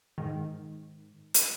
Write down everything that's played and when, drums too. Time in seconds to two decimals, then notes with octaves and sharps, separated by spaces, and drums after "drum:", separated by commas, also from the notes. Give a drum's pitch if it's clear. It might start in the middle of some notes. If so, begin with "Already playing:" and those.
0.18 G#2 D#3
1.34 drum: hi-hat